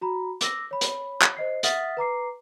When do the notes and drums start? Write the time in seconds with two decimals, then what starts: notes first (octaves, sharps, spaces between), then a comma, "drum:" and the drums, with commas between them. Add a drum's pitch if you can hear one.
0.01 F#4 A#5 B5
0.41 D6 E6 A#6, drum: hi-hat
0.71 C#5 B5
0.81 drum: hi-hat
1.22 drum: clap
1.37 C5 D#5 C7
1.63 E5 F#5 D#6 F6 A6 B6, drum: hi-hat
1.97 B4 A#5 D6 C7